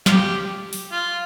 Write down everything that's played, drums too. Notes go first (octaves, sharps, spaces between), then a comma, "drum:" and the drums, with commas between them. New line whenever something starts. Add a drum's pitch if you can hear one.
F4, drum: snare
G4
drum: open hi-hat
F4